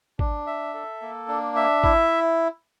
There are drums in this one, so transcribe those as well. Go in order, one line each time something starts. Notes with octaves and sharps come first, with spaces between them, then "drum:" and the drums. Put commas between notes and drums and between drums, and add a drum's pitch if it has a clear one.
D4, drum: kick
E5
A4
A#3
D4
E5
E4, drum: kick